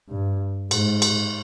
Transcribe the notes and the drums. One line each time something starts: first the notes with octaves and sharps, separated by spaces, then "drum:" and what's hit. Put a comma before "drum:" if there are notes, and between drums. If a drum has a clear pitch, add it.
G2
G#2, drum: cymbal
drum: cymbal